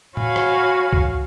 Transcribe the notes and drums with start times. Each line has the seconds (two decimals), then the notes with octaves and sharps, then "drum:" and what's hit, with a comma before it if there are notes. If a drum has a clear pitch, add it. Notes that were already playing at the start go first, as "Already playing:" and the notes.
0.17 F#4 C#5 F5 G#5 B5, drum: tom A2
0.36 drum: rim click
0.93 drum: kick C2